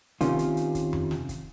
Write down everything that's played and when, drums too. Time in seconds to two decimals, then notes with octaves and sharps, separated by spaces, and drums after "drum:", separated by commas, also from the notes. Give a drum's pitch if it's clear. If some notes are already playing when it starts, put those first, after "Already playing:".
0.21 C3 D#3 C#4 F4, drum: kick, hi-hat
0.39 drum: hi-hat
0.57 drum: hi-hat
0.75 drum: kick, hi-hat
0.93 drum: tom F2
1.11 drum: snare
1.29 drum: kick, hi-hat